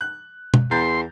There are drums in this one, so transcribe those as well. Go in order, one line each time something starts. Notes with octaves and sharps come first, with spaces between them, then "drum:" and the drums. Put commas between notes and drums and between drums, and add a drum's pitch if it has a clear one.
F#6
drum: tom B2
E2 A#5 C6 G6 A6